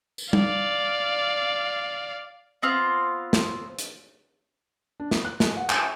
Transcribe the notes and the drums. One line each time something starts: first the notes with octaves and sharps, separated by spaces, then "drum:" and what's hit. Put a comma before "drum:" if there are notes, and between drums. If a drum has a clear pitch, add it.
drum: tambourine
D5 F5, drum: tom G3
B3 C4 F4
drum: snare
drum: hi-hat
D4
B3, drum: snare
F#6
G#3, drum: snare
F#5
G#5, drum: clap